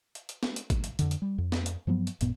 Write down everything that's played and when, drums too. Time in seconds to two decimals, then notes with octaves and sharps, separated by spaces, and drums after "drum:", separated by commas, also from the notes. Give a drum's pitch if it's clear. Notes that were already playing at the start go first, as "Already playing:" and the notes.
0.15 drum: hi-hat
0.29 drum: hi-hat
0.43 drum: snare
0.56 drum: hi-hat
0.70 drum: kick G#1, hi-hat
0.84 drum: hi-hat
0.99 F2 D3, drum: hi-hat
1.11 drum: hi-hat
1.22 G3
1.38 F2
1.52 drum: snare
1.66 drum: hi-hat
1.87 G2 F3 F#3 B3
2.07 drum: hi-hat
2.21 G#1 F#2 A#2 B3, drum: hi-hat